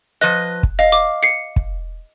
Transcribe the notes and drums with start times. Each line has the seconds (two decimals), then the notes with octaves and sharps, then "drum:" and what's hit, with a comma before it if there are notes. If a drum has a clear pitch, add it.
0.21 F3 B4 D#5 F#6
0.63 drum: kick
0.79 D#5 F5
0.92 D6
1.23 C7 C#7
1.56 drum: kick